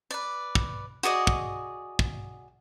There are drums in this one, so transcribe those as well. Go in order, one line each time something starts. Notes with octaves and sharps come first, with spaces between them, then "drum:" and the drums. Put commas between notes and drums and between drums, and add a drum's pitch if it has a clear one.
B4 D5
drum: kick
F#4 G#4 D5 D#5
drum: kick
drum: kick